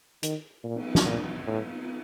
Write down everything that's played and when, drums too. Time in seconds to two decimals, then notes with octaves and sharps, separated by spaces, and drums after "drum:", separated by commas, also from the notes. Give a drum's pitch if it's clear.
0.23 D#3, drum: hi-hat
0.64 A#2
0.76 drum: cymbal
0.95 drum: snare
1.06 A#2
1.47 A2
1.67 drum: cymbal